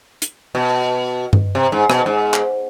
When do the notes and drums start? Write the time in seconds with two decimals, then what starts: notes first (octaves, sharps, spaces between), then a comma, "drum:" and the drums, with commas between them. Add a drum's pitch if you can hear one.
0.22 drum: hi-hat
0.55 B2
1.33 drum: tom G2
1.55 C3
1.72 G#2
1.90 B2, drum: rim click
2.06 G#2
2.34 drum: clap